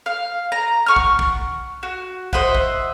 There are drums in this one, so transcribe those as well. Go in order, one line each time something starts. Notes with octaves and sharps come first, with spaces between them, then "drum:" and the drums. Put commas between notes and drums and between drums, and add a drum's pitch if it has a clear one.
F5
A#5
F#5 C#6 F6
drum: kick
drum: kick
F#4
C5 D#5 E5 F#5, drum: kick
drum: kick